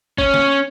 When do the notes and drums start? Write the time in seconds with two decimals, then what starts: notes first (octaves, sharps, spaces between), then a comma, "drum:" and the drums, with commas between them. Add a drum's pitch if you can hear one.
0.18 C#4, drum: kick
0.34 drum: snare